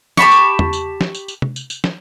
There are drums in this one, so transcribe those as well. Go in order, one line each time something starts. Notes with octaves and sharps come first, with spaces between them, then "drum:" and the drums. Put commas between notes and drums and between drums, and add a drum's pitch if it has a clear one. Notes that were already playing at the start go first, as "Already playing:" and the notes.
G4 A5 B5 C#6, drum: snare
drum: tambourine
drum: tom
drum: tambourine
drum: snare
drum: tambourine
drum: tambourine
drum: tom
drum: tambourine
drum: tambourine
drum: snare